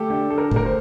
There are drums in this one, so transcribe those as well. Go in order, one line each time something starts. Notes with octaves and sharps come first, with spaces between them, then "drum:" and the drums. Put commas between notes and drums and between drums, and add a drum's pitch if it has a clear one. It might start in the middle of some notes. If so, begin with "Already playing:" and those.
Already playing: A3 G4 A4
D4 G4
A4
A#4
A2 A#4, drum: kick F1
C5